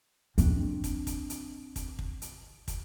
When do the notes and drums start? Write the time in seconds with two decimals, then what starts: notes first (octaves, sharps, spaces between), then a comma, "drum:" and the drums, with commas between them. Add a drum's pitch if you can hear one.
0.38 C4 D4, drum: hi-hat
0.84 drum: kick, hi-hat
1.07 drum: kick, hi-hat
1.30 drum: hi-hat
1.76 drum: kick, hi-hat
1.99 drum: kick
2.22 drum: hi-hat
2.68 drum: kick, hi-hat